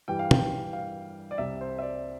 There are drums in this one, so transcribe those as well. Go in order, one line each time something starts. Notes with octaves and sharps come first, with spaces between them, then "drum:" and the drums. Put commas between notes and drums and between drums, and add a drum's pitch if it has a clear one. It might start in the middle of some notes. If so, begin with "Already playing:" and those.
G2 E3 G3 G5
F5
G5, drum: tom
F5
D5
C2 C3 G3 E5
C5
E5
D5